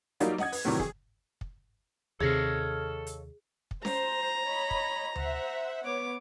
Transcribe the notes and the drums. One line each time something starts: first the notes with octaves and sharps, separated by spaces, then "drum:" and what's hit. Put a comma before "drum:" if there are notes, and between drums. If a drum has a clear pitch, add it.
F#3 G3 A#3 D#4 F4, drum: hi-hat
D#5 F#5 D#6 G#6, drum: snare C#4
B4, drum: open hi-hat
A2 C3 D#3 E3 F#3 G3
G#4, drum: kick
drum: kick
D#2 C3 G#4 A4 C#5 D#5 F5
drum: hi-hat
drum: kick
C5 A#5, drum: snare C#4
C#5 D#5 B5
drum: kick
C5 E5 F#5, drum: tom D2
B3 C#5 D6